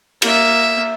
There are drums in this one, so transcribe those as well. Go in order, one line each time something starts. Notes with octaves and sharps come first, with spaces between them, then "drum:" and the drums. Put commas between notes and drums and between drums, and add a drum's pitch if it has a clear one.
A#3 E5, drum: cymbal